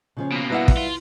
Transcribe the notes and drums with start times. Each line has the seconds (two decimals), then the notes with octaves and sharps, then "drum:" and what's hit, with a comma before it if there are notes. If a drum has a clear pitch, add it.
0.17 C#3 F3 C#4
0.32 B2 A#3
0.50 G3 E4 B4 E5 F#5
0.68 drum: kick
0.77 F4